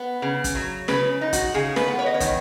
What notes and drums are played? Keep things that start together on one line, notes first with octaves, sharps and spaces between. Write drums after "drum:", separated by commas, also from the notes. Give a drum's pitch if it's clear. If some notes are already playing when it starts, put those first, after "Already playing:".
Already playing: B3
C#3
drum: kick, hi-hat
F#3
C#3 B4, drum: snare
D#4
F#4, drum: kick, hi-hat
C#3 G#4
B4, drum: snare
B3
C#5
D#5
C#5
D#3, drum: kick, hi-hat